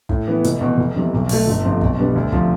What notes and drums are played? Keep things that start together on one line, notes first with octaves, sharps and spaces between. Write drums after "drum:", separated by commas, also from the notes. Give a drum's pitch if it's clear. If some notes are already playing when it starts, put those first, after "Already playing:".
A2, drum: kick
E3 B3
F1, drum: hi-hat
E2 B2
F1
E2 C3 G3
B1
B2 A3, drum: open hi-hat
G1
F2 C3 F3 C4
B1, drum: kick
B2 G3 B3 D4
D2
C3 F3, drum: kick